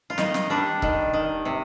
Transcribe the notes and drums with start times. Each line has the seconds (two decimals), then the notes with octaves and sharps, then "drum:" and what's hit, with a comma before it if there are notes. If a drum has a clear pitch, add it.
0.10 F4
0.18 D#3 D#4, drum: snare
0.34 drum: snare
0.50 G3 D4
0.82 D#3, drum: kick
1.13 D#3
1.45 C3